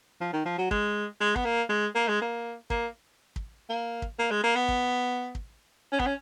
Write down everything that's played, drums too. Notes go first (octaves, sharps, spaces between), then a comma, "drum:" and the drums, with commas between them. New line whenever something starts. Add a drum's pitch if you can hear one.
F3
D#3
F3
F#3
G#3, drum: kick
G#3
B3, drum: kick
A#3
G#3
A#3
G#3
A#3
A#3, drum: kick
drum: kick
A#3
drum: kick
A#3
G#3
A#3
B3
drum: kick
drum: kick
C#4
B3, drum: kick
C#4